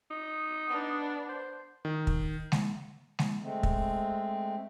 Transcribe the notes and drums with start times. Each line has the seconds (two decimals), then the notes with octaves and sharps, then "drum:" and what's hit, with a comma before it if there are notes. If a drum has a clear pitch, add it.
0.11 D#4
0.67 B3 D4
1.29 C5
1.85 D#3
2.07 drum: kick
2.52 drum: snare G#3
3.19 drum: snare G#3
3.42 G#3 A3 C4
3.63 drum: kick